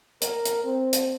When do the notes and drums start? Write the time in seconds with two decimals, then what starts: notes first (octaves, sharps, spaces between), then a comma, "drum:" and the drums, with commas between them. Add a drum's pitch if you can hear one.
0.22 A#4, drum: hi-hat
0.45 drum: hi-hat
0.64 C4
0.93 drum: hi-hat